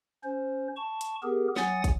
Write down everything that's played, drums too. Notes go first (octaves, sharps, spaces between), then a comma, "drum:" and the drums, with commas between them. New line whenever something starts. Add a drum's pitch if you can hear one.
C#4 C5
A5 C#6
drum: hi-hat
B3 G4 G#4 A#4
F#3 F#5 G#5 D#6 A6, drum: snare
drum: kick, hi-hat